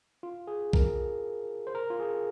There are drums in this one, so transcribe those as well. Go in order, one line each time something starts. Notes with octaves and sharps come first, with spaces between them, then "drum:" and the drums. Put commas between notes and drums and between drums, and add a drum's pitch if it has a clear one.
F4
G#4
A#4, drum: kick B1
C5
A#4
F4
G#4